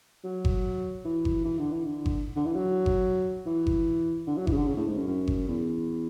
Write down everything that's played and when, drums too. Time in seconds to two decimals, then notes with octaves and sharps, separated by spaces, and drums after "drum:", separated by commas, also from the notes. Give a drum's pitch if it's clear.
0.24 F#3
0.45 drum: kick G1
1.05 E3
1.25 drum: kick G1
1.45 E3
1.59 D3
1.72 E3
1.85 D3
2.06 drum: kick G1
2.36 D3
2.46 E3
2.56 F#3
2.86 drum: kick G1
3.46 E3
3.67 drum: kick G1
4.27 D3
4.37 F#3
4.47 E3, drum: kick G1
4.52 C#3
4.57 D3
4.67 C#3
4.77 A2
4.87 G#2
4.97 F#2
5.07 F#2
5.27 drum: kick G1
5.48 E2